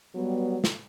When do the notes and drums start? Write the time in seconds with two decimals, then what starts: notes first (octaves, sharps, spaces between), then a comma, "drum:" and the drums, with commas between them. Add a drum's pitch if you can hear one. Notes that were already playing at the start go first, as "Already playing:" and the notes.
0.15 F#3 G3 B3
0.64 drum: snare